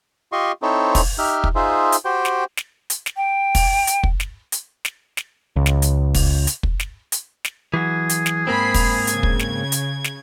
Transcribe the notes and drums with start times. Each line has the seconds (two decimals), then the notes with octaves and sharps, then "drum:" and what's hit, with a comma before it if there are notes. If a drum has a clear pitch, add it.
0.32 F4 G4 D#5 C6 C#6
0.62 C4 D#4 E4 A4 C5 C#5
0.95 drum: kick, open hi-hat
1.18 D#4 G4 E5 F6
1.44 drum: kick
1.55 D#4 F4 G#4 C5 E5
1.92 drum: hi-hat
2.05 F#4 G4 C5 G5
2.25 drum: snare
2.57 drum: snare
2.90 drum: hi-hat
3.06 drum: snare
3.17 G5
3.55 drum: kick, open hi-hat
3.87 drum: hi-hat
4.03 drum: kick
4.20 drum: snare
4.52 drum: hi-hat
4.85 drum: snare
5.17 drum: snare
5.56 C#2
5.66 drum: snare
5.82 drum: hi-hat
6.15 drum: kick, open hi-hat
6.47 drum: hi-hat
6.63 drum: kick
6.80 drum: snare
7.12 drum: hi-hat
7.45 drum: snare
7.74 E3 F#3 F#4 G#4
8.09 drum: hi-hat
8.26 drum: snare
8.47 G#2 A#3 C4 B5 C7
8.74 drum: kick, open hi-hat
9.07 C#3 G#6, drum: hi-hat
9.23 drum: kick
9.39 drum: snare
9.72 drum: hi-hat
10.04 drum: snare